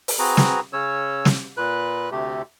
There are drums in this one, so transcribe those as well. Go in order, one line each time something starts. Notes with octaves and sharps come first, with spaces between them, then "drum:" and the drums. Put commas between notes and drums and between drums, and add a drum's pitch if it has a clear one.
drum: open hi-hat
C4 F#4 G#4 B4 A#5
drum: snare
C#3 C#4 C#5 E6
drum: snare
A#2 B4 F#6
D2 C3 A3 G4